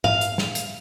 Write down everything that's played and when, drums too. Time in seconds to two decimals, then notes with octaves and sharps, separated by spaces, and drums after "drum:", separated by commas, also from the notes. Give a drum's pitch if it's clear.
0.04 F5, drum: tom G#2
0.21 drum: hi-hat
0.38 drum: snare
0.55 drum: hi-hat